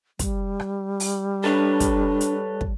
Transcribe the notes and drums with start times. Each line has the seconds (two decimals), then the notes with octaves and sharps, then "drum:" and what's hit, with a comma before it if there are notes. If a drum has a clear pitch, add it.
0.19 G3, drum: kick, hi-hat
0.60 drum: rim click
1.00 drum: open hi-hat
1.44 D4 A4 B4 C#5
1.80 drum: kick, hi-hat
2.21 drum: hi-hat
2.61 drum: kick